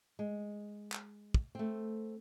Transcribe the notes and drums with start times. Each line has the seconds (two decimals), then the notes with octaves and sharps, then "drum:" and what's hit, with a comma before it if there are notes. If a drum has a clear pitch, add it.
0.19 G#3
0.92 drum: clap
1.34 drum: kick
1.55 A3 C4